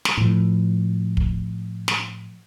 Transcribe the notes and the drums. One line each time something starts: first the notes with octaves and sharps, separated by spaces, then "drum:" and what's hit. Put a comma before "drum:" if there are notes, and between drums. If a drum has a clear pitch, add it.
drum: snare
A2 F3
drum: kick
drum: snare